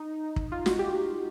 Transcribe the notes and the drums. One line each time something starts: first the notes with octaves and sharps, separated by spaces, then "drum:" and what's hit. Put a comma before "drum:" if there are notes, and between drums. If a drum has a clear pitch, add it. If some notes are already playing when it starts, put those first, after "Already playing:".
Already playing: D#4
drum: kick
F4
F#4, drum: snare
G4